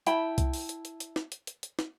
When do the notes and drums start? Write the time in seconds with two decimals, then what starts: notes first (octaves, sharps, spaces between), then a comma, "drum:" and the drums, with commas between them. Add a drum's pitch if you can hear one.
0.07 E4 G5 A5 B5, drum: hi-hat
0.38 drum: kick C2, hi-hat
0.53 drum: open hi-hat
0.69 drum: hi-hat
0.85 drum: hi-hat
1.00 drum: hi-hat
1.16 drum: snare
1.32 drum: hi-hat
1.47 drum: hi-hat
1.63 drum: hi-hat
1.79 drum: snare